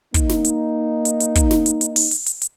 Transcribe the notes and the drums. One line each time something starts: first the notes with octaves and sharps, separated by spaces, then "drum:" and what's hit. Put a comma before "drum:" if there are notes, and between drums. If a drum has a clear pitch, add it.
A#3 D#4, drum: kick, hi-hat
drum: snare
drum: hi-hat
drum: hi-hat
drum: hi-hat
drum: kick, hi-hat
drum: snare
drum: hi-hat
drum: hi-hat
drum: open hi-hat
drum: hi-hat
drum: hi-hat
drum: hi-hat